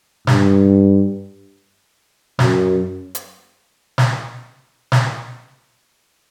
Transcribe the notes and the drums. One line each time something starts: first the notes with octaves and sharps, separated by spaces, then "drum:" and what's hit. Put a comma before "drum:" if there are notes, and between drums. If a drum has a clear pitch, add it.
G2, drum: snare
F#2, drum: snare
drum: hi-hat
drum: snare
drum: snare